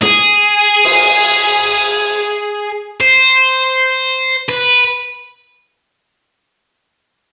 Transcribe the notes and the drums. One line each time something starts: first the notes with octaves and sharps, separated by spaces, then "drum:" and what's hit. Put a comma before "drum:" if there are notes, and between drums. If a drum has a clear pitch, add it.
G#4, drum: snare
drum: cymbal
C5
B4